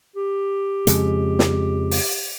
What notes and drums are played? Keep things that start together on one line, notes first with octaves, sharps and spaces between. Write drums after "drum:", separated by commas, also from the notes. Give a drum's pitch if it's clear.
G4
F2 C#3 G#3, drum: hi-hat
drum: snare
drum: open hi-hat